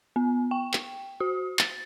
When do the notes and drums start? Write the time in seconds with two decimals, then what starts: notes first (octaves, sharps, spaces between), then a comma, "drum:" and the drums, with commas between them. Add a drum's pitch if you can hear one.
0.16 B3
0.51 G5
0.73 drum: clap
1.20 F#4
1.59 A6, drum: clap